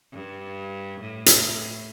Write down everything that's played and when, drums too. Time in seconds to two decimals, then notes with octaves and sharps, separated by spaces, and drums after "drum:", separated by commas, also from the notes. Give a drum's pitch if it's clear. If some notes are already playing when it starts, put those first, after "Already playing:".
0.12 G2
1.01 A2
1.26 drum: hi-hat